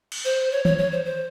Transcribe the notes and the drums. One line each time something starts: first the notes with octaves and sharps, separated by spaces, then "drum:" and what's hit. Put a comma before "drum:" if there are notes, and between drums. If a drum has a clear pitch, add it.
drum: cymbal
C5
C#5
C#5, drum: tom D#3
C#5
C5
C5